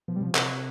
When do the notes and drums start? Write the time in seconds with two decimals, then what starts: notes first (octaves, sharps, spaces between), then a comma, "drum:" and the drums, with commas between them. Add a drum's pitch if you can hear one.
0.08 B2 F3
0.16 G3
0.21 C3 F3
0.35 C3, drum: clap